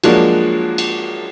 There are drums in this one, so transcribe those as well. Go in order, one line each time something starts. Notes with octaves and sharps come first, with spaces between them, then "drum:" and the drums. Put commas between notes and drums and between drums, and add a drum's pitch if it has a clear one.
F3 F#3 G#3 A#3 D4 F#4, drum: cymbal
drum: cymbal